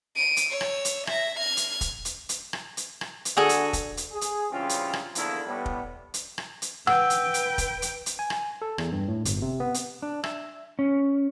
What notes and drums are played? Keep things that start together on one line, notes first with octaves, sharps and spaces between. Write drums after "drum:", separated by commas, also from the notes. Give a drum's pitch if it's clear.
D7 D#7
drum: hi-hat
C#5 E6
drum: rim click
drum: hi-hat
E5 A#6, drum: rim click
F6 G#6
drum: hi-hat
drum: kick, hi-hat
drum: hi-hat
drum: hi-hat
drum: rim click
drum: hi-hat
drum: rim click
drum: hi-hat
D3 F#4 G#4 A4
drum: hi-hat
drum: kick, hi-hat
drum: hi-hat
G#4
drum: hi-hat
G2 C#3 E3 C4 C#4 F4
drum: hi-hat
drum: rim click
E2 D3 D#3 F3 A#3 E4, drum: hi-hat
A2 G3 B3
drum: kick
drum: hi-hat
drum: rim click
drum: hi-hat
B4 F#5 G5 E6, drum: rim click
drum: hi-hat
drum: hi-hat
drum: kick, hi-hat
drum: hi-hat
drum: hi-hat
G#5
drum: rim click
A4
E2, drum: rim click
G2
A2
G1, drum: hi-hat
C3
B3
drum: hi-hat
D4
E5, drum: rim click
C#4